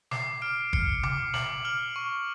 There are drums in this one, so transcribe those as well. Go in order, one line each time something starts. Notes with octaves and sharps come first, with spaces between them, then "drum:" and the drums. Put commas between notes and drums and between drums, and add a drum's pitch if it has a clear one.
D6 C7, drum: snare
F6 D7
F6 C#7, drum: kick
D6, drum: tom C3
D6 F#7, drum: snare
F6 F#7
C#6